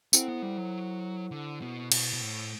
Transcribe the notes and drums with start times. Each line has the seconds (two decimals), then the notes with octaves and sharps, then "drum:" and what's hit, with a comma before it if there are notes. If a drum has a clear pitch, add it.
0.13 C4 E4 A4 C5 F#5, drum: tambourine
0.28 B3
0.42 G3
0.57 F#3
1.31 D3
1.62 B2
1.92 B2, drum: cymbal
2.13 B2
2.21 A2